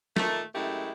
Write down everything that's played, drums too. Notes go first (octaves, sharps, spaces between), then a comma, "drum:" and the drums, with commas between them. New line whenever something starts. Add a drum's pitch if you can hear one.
A#2 D#3 A3, drum: snare
F#2 G#3 A3 E4 G4